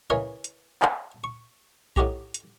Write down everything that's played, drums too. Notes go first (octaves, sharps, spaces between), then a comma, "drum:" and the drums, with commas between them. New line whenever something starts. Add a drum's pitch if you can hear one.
C#3 E3 G#3 A#4 C#5 D#5
drum: hi-hat
drum: clap
C#6
A2 D#4 F#4 G4 A#5, drum: kick B1
drum: hi-hat